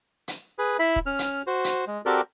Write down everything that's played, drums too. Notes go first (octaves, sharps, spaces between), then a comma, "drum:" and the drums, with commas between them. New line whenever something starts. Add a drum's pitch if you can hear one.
drum: hi-hat
G#4 B4
E4 E5 B5
drum: kick D#1
C#4 F6
drum: hi-hat
F#4 C5
drum: hi-hat
G#3
C4 F#4 G4 A4 A#4 D5